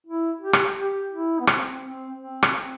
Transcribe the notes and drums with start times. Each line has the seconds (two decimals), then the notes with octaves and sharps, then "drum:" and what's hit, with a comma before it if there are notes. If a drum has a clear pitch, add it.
0.07 E4
0.41 G4
0.53 drum: rim click
0.78 G4
1.12 E4
1.39 B3
1.47 C4, drum: rim click
1.84 C4
2.19 C4
2.43 drum: rim click
2.55 C4